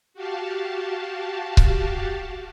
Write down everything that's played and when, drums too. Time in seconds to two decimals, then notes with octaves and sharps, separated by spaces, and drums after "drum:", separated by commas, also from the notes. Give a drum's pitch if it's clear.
0.14 F#4 G4 F5 A5
1.57 drum: kick C#1